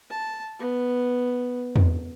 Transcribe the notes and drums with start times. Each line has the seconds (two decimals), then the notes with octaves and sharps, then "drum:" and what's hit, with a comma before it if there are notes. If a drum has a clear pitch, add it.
0.10 A5
0.59 B3
1.76 drum: tom E2